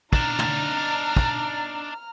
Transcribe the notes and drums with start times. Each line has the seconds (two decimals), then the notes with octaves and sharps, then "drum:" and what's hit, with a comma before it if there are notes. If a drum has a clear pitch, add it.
0.13 D4 D#4 A#5 F6, drum: kick
0.39 drum: tom
1.17 drum: kick